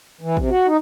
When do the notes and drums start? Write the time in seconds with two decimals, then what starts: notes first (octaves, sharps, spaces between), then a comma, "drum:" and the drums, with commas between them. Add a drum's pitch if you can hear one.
0.21 E3
0.37 C3, drum: kick A1
0.50 F#4
0.67 D#4